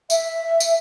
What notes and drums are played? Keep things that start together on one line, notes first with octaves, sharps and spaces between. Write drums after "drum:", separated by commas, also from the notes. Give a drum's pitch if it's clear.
E5, drum: tambourine
drum: tambourine